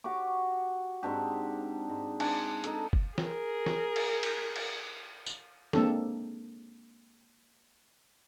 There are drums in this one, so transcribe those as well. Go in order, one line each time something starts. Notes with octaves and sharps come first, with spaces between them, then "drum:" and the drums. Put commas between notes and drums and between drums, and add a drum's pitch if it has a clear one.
F#4 G4 C#5 D6
G#2 C4 D4 G4
G#2
D4 C5 G#5, drum: cymbal
D#4 A4, drum: hi-hat
drum: kick F#1
G#4 A#4, drum: snare
drum: snare
drum: cymbal
drum: cymbal
drum: cymbal
drum: tambourine
G#3 A#3 C4 D4 A4, drum: snare